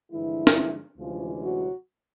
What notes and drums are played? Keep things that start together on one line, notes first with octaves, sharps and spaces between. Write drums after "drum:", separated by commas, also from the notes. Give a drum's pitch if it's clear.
G2 D3 E3 F3 G#3 E4
drum: snare
D2 C3 E3 F3 G#3 C#4 F4
F#3 F#4